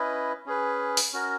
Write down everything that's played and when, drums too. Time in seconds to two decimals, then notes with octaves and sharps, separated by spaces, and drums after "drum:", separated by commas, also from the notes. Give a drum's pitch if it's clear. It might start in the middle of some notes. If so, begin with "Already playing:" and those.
Already playing: C#4 E4 B4 D#5
0.46 C#4 G#4 B4
0.97 drum: open hi-hat
1.13 C#4 F#4 A#4